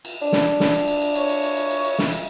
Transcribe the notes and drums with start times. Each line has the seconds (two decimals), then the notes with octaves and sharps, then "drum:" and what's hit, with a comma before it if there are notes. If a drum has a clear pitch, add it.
0.05 drum: cymbal
0.22 D4
0.32 drum: snare
0.60 drum: snare
0.74 drum: cymbal
0.88 drum: cymbal
1.02 drum: cymbal
1.15 C#5, drum: cymbal
1.29 drum: cymbal
1.43 drum: cymbal
1.57 drum: cymbal
1.71 drum: cymbal
1.85 drum: cymbal
1.99 drum: snare
2.12 drum: cymbal